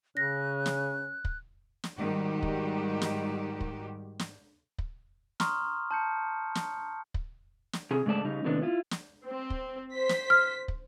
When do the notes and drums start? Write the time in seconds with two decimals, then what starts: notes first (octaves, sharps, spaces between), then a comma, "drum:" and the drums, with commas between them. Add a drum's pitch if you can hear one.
0.17 C#3 C#4 F#6 A#6
0.66 drum: snare
1.25 drum: kick
1.84 drum: snare
1.99 G#2 D#3 G3 F#4 G4
2.43 drum: kick
3.02 drum: snare
3.61 drum: kick
4.19 drum: snare
4.78 drum: kick
5.40 A#5 C6 C#6 D#6 F6, drum: snare
5.91 A5 G6 C#7
6.55 drum: snare
7.14 drum: kick
7.73 drum: snare
7.91 C3 G#4
8.06 G#2 C#3 A3 D5 A5
8.25 C#3 G3 D#4
8.44 A2 C3 D#3 B3 D4
8.62 E4 F4
8.91 drum: snare
9.26 C4
9.50 drum: kick
9.92 C5 B6
10.09 drum: snare
10.30 F6
10.68 drum: kick